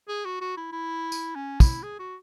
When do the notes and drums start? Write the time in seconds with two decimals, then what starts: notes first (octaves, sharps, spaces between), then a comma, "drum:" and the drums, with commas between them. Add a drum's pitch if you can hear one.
0.08 G#4
0.25 F#4
0.41 F#4
0.57 E4
0.72 E4
1.12 drum: tambourine
1.35 C#4
1.60 E4, drum: kick, tambourine
1.83 G#4
1.99 F#4